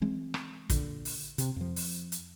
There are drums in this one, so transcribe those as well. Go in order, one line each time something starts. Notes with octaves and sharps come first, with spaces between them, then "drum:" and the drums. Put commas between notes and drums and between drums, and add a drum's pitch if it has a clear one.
E3 G#3 C4
drum: rim click
A#2 D3, drum: kick, hi-hat
drum: open hi-hat
C3, drum: hi-hat
F2 F3
drum: open hi-hat
drum: hi-hat